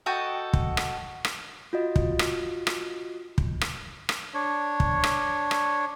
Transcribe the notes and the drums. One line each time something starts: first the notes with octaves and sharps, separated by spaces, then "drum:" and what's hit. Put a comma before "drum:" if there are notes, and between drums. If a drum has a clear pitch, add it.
F#4 A4 D#5 G5
drum: kick
drum: rim click
drum: rim click
F4 F#4 D#5
drum: kick
drum: rim click
drum: rim click
drum: kick
drum: rim click
drum: rim click
D4 C#5
drum: kick
drum: rim click
drum: rim click